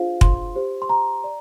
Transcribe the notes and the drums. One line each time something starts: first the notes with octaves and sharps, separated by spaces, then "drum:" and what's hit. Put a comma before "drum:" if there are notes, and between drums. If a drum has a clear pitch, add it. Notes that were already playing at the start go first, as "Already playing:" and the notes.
Already playing: D4 F4 G#4 C5 F5
C6, drum: kick
G4 C5
C6
A#5
D5